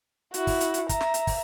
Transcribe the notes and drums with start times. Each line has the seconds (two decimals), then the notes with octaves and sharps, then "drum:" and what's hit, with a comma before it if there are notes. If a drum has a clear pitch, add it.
0.34 E4 F#4, drum: hi-hat
0.47 drum: kick, open hi-hat
0.60 drum: hi-hat
0.74 drum: hi-hat
0.89 E5 A#5, drum: kick, hi-hat
1.01 drum: snare
1.14 drum: hi-hat
1.27 drum: kick, open hi-hat